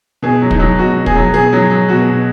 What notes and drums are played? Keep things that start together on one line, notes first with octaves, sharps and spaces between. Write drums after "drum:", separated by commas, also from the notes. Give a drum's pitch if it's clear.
B2 G#4
F#3
D#4, drum: kick
F#3
B2 F#4
B2
G#4, drum: kick
F#3
B2 G#4
F#3
F#3
B2 F#4
B2